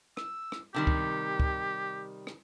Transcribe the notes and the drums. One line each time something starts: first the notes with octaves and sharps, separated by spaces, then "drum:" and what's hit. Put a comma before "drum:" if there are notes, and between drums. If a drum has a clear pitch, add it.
E6, drum: rim click
drum: rim click
C3 D#3 G3 G4
drum: kick C#2
drum: kick C#2
drum: rim click